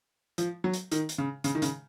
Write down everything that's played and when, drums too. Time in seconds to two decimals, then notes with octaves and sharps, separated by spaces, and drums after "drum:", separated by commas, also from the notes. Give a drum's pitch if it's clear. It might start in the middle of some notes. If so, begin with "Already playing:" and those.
0.38 F3, drum: hi-hat
0.64 F#3
0.74 drum: hi-hat
0.92 D#3, drum: hi-hat
1.09 drum: hi-hat
1.18 C#3
1.44 C#3, drum: hi-hat
1.55 D#3
1.62 C#3, drum: hi-hat